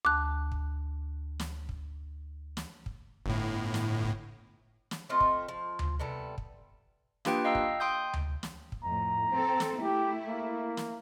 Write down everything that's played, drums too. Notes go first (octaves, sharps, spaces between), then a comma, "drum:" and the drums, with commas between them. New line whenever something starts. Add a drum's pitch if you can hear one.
D2 A5 D6 F#6
drum: kick
drum: snare
drum: kick
drum: snare
drum: kick
G1 A2
drum: snare
drum: kick
drum: snare
A3 C4 F4 D#5
drum: kick
F3
drum: tom D2
C3 G3 B3 A4
drum: kick
A#3 D4 F4 G4 B4 G5, drum: snare
D#5 F5 G5 A#5 E6
drum: kick
G5 C6 D#6 G6
drum: tom D2
drum: snare
drum: kick
F2 A2 A#5
C4 A4
drum: snare
A3 E4 G4
A#3
drum: snare